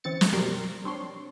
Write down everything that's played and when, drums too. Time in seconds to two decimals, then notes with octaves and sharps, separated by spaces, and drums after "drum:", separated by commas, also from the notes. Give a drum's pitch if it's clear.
0.04 E3 C4 C#4 A6 C#7
0.21 drum: snare
0.32 F#2 B2 G4 A#4 D5 C6
0.85 C4 D4 C#5 C6